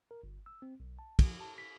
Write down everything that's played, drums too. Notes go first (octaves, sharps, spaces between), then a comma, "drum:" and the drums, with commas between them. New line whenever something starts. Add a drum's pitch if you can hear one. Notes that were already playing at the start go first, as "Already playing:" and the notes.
A#4
G1
E6
C4
B1
A5
F3, drum: kick, cymbal
A5
B6